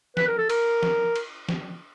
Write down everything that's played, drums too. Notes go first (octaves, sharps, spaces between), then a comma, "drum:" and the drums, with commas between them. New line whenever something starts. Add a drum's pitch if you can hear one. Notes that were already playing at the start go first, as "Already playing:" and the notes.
B4, drum: snare
A#4
A4
A#4, drum: cymbal
drum: snare
drum: cymbal
drum: snare